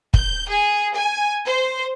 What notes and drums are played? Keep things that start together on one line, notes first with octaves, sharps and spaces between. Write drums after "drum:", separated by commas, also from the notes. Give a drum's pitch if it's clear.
G6, drum: kick
G#4
G#5
C5